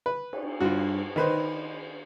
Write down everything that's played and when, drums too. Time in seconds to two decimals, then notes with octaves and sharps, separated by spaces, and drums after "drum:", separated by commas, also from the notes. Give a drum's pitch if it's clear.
0.06 B4
0.33 drum: cymbal
0.61 G2 F4 F#4
1.16 D#3 D#4 B4 C5